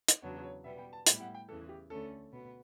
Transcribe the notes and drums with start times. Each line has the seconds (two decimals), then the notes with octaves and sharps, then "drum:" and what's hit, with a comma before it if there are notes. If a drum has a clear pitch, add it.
0.08 drum: hi-hat
0.22 E2 C#3 F#3 B3 D4 C#5
0.43 C#5
0.64 B2 G3 B3 E5
0.79 G5
0.93 A5
1.07 A2 G3 B3 E4 G4 G5, drum: hi-hat
1.21 F#5
1.34 G5
1.48 E2 C#3 E3 A4
1.69 G4
1.90 D2 D3 A3 C#4 A4
2.33 B2 B3